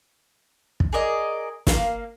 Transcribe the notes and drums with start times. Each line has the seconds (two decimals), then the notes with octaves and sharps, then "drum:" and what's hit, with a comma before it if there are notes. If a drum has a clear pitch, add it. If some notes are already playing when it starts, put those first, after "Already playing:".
0.80 drum: kick
0.93 G#4 A#4 D5 D#5
1.67 A#3 F5, drum: snare